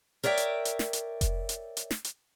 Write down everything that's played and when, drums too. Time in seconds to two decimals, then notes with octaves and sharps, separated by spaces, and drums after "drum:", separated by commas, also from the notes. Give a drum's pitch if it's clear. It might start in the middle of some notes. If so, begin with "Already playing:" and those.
0.24 A#4 C#5 D5 E5 G5
0.37 drum: hi-hat
0.65 drum: hi-hat
0.79 drum: snare
0.93 drum: hi-hat
1.21 drum: kick F1, hi-hat
1.49 drum: hi-hat
1.77 drum: hi-hat
1.91 drum: snare
2.04 drum: hi-hat